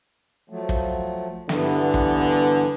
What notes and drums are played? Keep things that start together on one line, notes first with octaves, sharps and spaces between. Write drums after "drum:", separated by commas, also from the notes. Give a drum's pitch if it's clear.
F3 F#3 A3
drum: kick
G2 D3 E3 B3, drum: snare
drum: kick